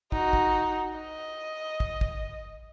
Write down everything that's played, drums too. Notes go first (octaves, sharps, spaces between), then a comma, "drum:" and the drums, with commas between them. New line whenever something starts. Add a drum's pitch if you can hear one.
D#4 F#4, drum: kick
drum: kick
D#5
drum: kick
drum: kick